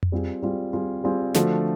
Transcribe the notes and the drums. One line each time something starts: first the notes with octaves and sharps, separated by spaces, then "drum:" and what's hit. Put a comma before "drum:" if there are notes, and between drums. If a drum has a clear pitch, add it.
drum: tom F2
G3 C4 F4 G#4
G3 C4 F4 G#4
G3 C4 F4 G#4
G3 C4 F4 G#4
D3 F3 A3 D4 F#4, drum: snare